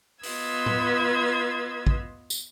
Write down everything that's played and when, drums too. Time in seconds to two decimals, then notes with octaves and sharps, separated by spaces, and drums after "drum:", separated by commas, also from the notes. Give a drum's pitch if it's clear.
0.23 B3 F4 B4 D#5 E6 G#6, drum: open hi-hat
0.66 drum: tom A2
1.87 drum: kick
2.30 drum: tambourine